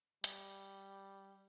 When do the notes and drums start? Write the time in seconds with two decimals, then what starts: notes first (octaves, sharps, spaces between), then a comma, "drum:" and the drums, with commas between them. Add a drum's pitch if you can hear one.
0.24 G3, drum: hi-hat